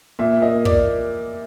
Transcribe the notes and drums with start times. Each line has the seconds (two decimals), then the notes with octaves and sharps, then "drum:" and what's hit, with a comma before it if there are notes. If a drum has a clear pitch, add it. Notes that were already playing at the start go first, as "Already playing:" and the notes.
0.19 A#2 E5
0.42 A#3 D#5
0.65 A#3 D5, drum: kick